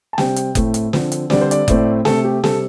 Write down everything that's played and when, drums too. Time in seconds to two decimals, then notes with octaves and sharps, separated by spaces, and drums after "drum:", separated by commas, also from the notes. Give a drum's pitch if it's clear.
0.13 A5
0.18 C3 G3 C4 G5, drum: snare
0.36 drum: hi-hat
0.55 A2 A3 C4, drum: kick F#1, hi-hat
0.74 drum: hi-hat
0.93 D3 F3 C4, drum: snare
1.12 drum: hi-hat
1.30 D3 G3 C4 D5, drum: snare
1.41 C5
1.51 D5, drum: hi-hat
1.68 A2 A3 C4, drum: kick F#1, hi-hat
2.05 C3 A3 C4 A4, drum: snare
2.24 G4
2.44 C3 G3 C4 A4, drum: snare